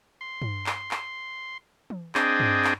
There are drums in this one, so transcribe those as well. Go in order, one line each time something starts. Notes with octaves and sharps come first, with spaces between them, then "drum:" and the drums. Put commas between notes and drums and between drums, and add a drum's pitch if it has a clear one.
C6
drum: tom G2
drum: clap
drum: clap
drum: tom E3
C4 D4 G#4 D#5 G5, drum: clap
drum: tom G2
drum: clap